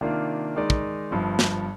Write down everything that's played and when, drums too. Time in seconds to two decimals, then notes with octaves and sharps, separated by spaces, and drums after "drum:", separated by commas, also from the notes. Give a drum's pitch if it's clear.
0.01 C3 D#3 A#3 D4 F4
0.56 D#3 G#3 D#4 A#4 D5
0.70 drum: kick
1.11 G1 G2 F3
1.39 drum: snare